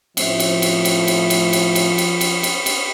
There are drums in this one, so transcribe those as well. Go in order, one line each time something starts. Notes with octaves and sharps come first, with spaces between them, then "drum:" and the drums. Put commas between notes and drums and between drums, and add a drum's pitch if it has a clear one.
A2 F3 A3 C4, drum: cymbal
drum: cymbal
drum: cymbal
drum: cymbal
drum: cymbal
drum: cymbal
drum: cymbal
drum: cymbal
drum: cymbal
drum: cymbal
drum: cymbal
drum: cymbal